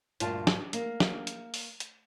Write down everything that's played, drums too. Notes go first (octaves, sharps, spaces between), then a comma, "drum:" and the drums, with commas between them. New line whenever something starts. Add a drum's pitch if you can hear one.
D2 G2 A#2 F4 A5, drum: hi-hat
drum: snare
A#3, drum: hi-hat
drum: snare
drum: hi-hat
drum: open hi-hat
drum: hi-hat